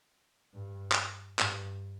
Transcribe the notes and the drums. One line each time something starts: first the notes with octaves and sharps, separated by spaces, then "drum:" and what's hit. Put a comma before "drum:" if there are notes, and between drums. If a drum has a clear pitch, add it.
G2
drum: clap
G2, drum: clap